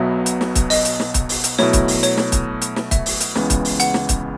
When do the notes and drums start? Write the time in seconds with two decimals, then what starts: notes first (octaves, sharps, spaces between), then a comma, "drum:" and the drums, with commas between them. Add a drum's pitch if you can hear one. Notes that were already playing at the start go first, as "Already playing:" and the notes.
Already playing: B1 B2 F#3 B3 E5
0.26 drum: hi-hat
0.41 drum: snare
0.55 drum: kick C#1, hi-hat
0.70 D#5, drum: open hi-hat
0.85 drum: hi-hat
1.00 drum: snare
1.14 drum: kick C#1, hi-hat
1.29 drum: open hi-hat
1.44 drum: hi-hat
1.59 B2 F#3 A3 E4 C#5, drum: snare
1.73 drum: kick C#1, hi-hat
1.88 drum: open hi-hat
2.03 C#5, drum: hi-hat
2.17 drum: snare
2.32 drum: kick C#1, hi-hat
2.62 drum: hi-hat
2.76 drum: snare
2.91 E5, drum: kick C#1, hi-hat
3.06 drum: open hi-hat
3.21 drum: hi-hat
3.35 C#2 C#3 E3 G#3 B3, drum: snare
3.50 drum: kick C#1, hi-hat
3.65 drum: open hi-hat
3.80 F#5, drum: hi-hat
3.94 drum: snare
4.09 drum: kick C#1, hi-hat